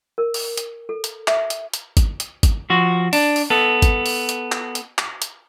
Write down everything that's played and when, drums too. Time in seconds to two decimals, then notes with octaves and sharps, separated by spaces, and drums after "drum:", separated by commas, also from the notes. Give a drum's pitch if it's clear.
0.18 A#4
0.34 drum: open hi-hat
0.57 drum: hi-hat
0.89 A4
1.04 drum: hi-hat
1.28 E5, drum: clap
1.50 drum: hi-hat
1.74 drum: hi-hat
1.97 drum: kick G#1, hi-hat
2.20 drum: hi-hat
2.43 drum: kick G#1, hi-hat
2.70 F3 F#4
3.13 D4, drum: open hi-hat
3.36 drum: open hi-hat
3.50 B3 A4
3.82 drum: kick G#1, hi-hat
4.06 drum: open hi-hat
4.29 drum: hi-hat
4.52 drum: clap
4.75 drum: hi-hat
4.98 drum: clap
5.22 drum: hi-hat